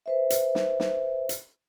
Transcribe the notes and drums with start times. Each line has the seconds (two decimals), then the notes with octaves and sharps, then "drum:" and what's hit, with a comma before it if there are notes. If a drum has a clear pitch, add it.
0.06 B4 C5 E5
0.30 drum: hi-hat
0.55 drum: snare
0.80 drum: snare
1.29 drum: hi-hat